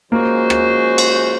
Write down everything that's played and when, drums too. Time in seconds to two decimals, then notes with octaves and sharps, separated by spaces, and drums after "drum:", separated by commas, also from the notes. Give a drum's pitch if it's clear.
0.11 F3 G#3 A#3 C#4 F#4 C5
0.50 drum: rim click
0.98 drum: cymbal